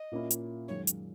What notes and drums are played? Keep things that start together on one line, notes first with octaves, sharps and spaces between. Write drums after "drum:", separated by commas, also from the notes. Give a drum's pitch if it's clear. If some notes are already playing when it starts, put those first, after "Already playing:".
Already playing: D#5
A#2 A#3 C#4 E4
drum: hi-hat
F#2 D#3 G#3 C#5
drum: hi-hat